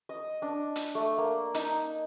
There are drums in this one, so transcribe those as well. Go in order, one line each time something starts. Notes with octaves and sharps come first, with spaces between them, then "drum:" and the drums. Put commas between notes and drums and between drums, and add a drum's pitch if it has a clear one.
D#5
D4
drum: hi-hat
A3
A#3
D#4, drum: hi-hat